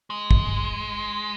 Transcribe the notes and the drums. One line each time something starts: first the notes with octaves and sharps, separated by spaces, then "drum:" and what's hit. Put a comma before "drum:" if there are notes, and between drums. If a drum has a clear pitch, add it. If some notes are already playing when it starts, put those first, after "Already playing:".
G#3
drum: kick